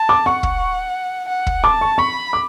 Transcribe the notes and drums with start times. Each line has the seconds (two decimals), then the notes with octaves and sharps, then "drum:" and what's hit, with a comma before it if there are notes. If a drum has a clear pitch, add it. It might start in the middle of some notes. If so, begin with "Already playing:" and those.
Already playing: A5
0.09 D6
0.26 F#5 C#6
0.43 drum: kick
1.29 F#5
1.47 drum: kick
1.64 A5 D6
1.81 C#6
1.98 B5 C#6
2.33 D6